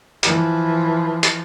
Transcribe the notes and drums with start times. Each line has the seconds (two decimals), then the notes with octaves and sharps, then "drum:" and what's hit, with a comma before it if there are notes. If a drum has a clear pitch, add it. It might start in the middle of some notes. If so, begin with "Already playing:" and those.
0.23 E3 F3, drum: hi-hat
1.23 drum: hi-hat